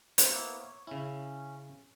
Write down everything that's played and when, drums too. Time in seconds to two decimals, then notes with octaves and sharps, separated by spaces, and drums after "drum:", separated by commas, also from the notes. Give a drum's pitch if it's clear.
0.18 C5, drum: hi-hat
0.32 A#3 B3 E4
0.59 C#5
0.87 C#3 C#4 E4